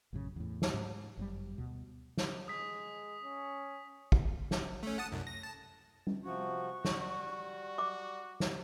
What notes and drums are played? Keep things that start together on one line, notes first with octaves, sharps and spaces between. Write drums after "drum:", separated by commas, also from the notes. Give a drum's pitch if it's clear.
A1 F#2 C#3
E2 A2
drum: snare
G#2
G1 F#2 G3
D2 B2
drum: snare
G#3 D#6 B6
C#4
drum: kick
drum: snare
A3 C#4
F#5 A5 D#6
C2 F#2
A#6
A5
drum: tom G3
C3 F3 F#4 C#6
G3 F#4, drum: snare
D6
drum: snare